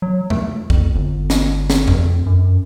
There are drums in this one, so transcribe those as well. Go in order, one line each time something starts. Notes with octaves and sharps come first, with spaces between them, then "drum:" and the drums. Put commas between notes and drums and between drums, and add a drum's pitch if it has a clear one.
F#3
A3, drum: tom E2
F2, drum: kick
G1
drum: snare
drum: snare
F2, drum: tom E2
F#2